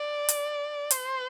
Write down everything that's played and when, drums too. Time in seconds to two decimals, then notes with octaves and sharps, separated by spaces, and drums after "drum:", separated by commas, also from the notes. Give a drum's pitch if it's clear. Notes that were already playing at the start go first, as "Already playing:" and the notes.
Already playing: D5
0.29 drum: hi-hat
0.91 C5, drum: hi-hat